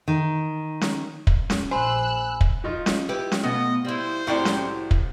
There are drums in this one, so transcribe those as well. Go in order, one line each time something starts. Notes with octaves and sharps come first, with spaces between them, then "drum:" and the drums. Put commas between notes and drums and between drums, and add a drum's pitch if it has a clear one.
D#3
drum: snare C#4
drum: kick
drum: snare C#4
A#1 C5 G#5 B5 E6 F#6
drum: kick
F3 D#4 F4
drum: snare C#4
E4 G4 B4
drum: snare C#4
B2 A3 B3 D#5
G3 E4 C5
C2 A2 F#4 G4 D5
drum: snare C#4
drum: kick